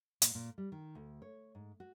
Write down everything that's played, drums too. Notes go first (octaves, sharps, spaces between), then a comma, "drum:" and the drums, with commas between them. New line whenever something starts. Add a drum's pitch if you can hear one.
A#2, drum: hi-hat
A#2
G3
D#3
D2
C#5
G#2
F#4